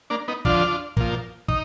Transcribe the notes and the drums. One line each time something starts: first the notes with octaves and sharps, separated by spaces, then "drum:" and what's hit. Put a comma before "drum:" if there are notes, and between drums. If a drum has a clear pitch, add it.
A#3 D4
B3 D#4
F2 D3 F3 D4 F4, drum: kick
A#2 F3, drum: kick
D#4, drum: kick